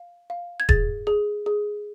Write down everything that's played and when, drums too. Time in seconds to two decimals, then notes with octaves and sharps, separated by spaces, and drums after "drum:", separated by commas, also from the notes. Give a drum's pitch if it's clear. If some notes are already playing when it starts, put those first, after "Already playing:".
Already playing: F5
0.30 F5
0.60 G#6
0.69 G#4 A6, drum: kick D#1
1.07 G#4
1.46 G#4